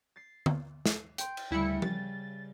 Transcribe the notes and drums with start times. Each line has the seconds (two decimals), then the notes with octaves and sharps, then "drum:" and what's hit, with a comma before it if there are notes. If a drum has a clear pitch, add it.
0.16 A6 C7
0.46 drum: tom D3
0.86 drum: snare
1.18 G5 C6, drum: hi-hat
1.37 drum: cymbal
1.51 D2 C#3 G3 E4 C#7
1.82 A6, drum: tom F3